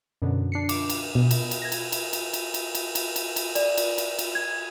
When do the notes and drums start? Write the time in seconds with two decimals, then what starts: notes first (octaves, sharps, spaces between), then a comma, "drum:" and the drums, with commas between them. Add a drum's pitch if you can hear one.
0.22 F#2 B2 D3
0.52 D4 C7 C#7
0.69 D6, drum: cymbal
0.90 drum: cymbal
1.15 B2
1.31 drum: cymbal
1.51 drum: cymbal
1.62 G#6 A#6
1.72 drum: cymbal
1.92 drum: cymbal
2.13 drum: cymbal
2.33 drum: cymbal
2.54 drum: cymbal
2.75 drum: cymbal
2.95 drum: cymbal
3.16 drum: cymbal
3.36 drum: cymbal
3.55 D5, drum: cymbal
3.77 drum: cymbal
3.98 drum: cymbal
4.19 drum: cymbal
4.35 G#6